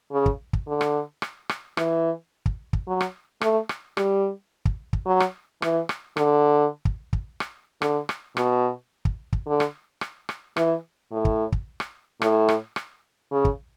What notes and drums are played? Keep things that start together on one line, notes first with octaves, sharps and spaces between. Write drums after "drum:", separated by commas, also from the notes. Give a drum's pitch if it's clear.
C#3
drum: kick
drum: kick
D3
drum: rim click
drum: rim click
drum: rim click
E3, drum: rim click
drum: kick
drum: kick
F#3
drum: rim click
A3, drum: rim click
drum: rim click
G3, drum: rim click
drum: kick
drum: kick
F#3
drum: rim click
E3, drum: rim click
drum: rim click
D3, drum: rim click
drum: kick
drum: kick
drum: rim click
D3, drum: rim click
drum: rim click
B2, drum: rim click
drum: kick
drum: kick
D3
drum: rim click
drum: rim click
drum: rim click
E3, drum: rim click
A2
drum: kick
drum: kick
drum: rim click
A2, drum: rim click
drum: rim click
drum: rim click
C#3
drum: kick